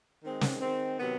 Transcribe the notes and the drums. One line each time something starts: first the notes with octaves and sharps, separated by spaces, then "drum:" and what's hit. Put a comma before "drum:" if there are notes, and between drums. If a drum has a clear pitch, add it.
D#3 G#3 C4
drum: snare
D#3 G#3 C4
C3 D#3 F#3 B3